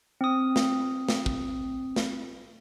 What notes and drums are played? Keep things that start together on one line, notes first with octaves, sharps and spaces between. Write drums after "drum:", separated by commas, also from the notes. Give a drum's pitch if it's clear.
C4 D#6
drum: snare
drum: snare
drum: kick
drum: snare